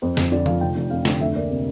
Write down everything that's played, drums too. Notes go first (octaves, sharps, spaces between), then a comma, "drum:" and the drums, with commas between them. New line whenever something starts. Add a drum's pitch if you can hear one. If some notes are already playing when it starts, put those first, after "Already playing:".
F2 C5
F2, drum: snare
D3 D5
F3 F5, drum: tom
F1 G5
F1
F2 F5
D3, drum: snare
D2 E5
A#3 D5
C3